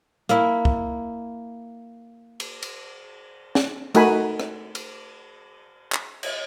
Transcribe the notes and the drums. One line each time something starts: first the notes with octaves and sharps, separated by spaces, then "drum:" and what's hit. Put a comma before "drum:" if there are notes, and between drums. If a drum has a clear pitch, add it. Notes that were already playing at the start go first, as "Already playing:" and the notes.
A#3 E4, drum: hi-hat
drum: kick
drum: cymbal
drum: cymbal
drum: snare
A3 D#4 F#4 A#4 G#5 B5, drum: cymbal
drum: rim click
drum: cymbal
drum: clap
drum: cymbal